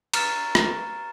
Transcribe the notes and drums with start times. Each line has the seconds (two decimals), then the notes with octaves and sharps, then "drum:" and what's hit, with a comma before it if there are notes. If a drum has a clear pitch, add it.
0.14 A#5 F6 A6 E7, drum: cymbal
0.55 drum: rim click